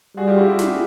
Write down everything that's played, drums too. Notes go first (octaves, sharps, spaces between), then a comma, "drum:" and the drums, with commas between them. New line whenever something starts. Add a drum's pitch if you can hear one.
G3 F#4 G#4
F4 G4
E4 F#4
F4 G4
F#4 G#4, drum: snare